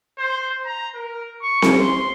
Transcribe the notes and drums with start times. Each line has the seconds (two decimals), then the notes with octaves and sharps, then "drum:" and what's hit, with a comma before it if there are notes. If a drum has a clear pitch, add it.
0.18 C5
0.65 A#5
0.95 A#4
1.42 C#6
1.62 drum: snare C4
1.79 C6